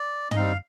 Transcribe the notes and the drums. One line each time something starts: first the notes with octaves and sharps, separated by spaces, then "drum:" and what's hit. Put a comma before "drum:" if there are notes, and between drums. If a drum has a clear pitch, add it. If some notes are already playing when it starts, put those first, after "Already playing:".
Already playing: D5
D#5, drum: tom
G3 C4 D#4 F5